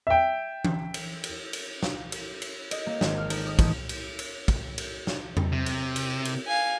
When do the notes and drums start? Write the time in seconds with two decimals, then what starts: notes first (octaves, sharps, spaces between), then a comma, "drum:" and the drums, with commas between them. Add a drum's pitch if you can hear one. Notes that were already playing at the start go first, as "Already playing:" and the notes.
0.07 E5 G5
0.65 drum: tom E3
0.94 drum: cymbal
1.24 drum: cymbal
1.53 drum: cymbal
1.83 drum: snare
2.12 drum: cymbal
2.42 drum: cymbal
2.71 D#5, drum: cymbal
2.86 A#3
3.01 G#1, drum: snare
3.18 F6
3.30 D#4, drum: cymbal
3.47 D#6
3.59 A1, drum: kick, cymbal
3.89 drum: cymbal
4.19 drum: cymbal
4.48 drum: kick, cymbal
4.78 drum: cymbal
5.07 drum: snare
5.37 drum: tom E2
5.53 C3
5.66 drum: cymbal
5.96 drum: cymbal
6.25 drum: cymbal
6.47 F5 G#5